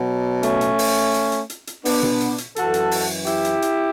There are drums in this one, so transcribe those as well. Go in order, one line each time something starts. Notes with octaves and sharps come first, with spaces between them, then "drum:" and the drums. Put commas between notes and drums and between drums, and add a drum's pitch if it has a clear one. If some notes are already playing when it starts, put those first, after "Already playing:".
Already playing: B2 F#3
A3 C#4, drum: hi-hat
drum: hi-hat
drum: open hi-hat
drum: hi-hat
drum: hi-hat
drum: hi-hat
drum: hi-hat
B3 D4, drum: open hi-hat
drum: tom B2
drum: hi-hat
drum: hi-hat
F#2 E3 F#4 A4, drum: hi-hat
drum: hi-hat
drum: open hi-hat
E4 G4, drum: hi-hat
drum: hi-hat
drum: hi-hat